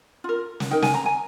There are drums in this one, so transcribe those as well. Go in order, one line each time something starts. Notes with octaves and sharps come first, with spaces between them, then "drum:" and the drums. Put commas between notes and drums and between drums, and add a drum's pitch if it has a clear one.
F4 A#4
drum: snare
D#4 A#4 G5
G#5, drum: snare
A#5
G#5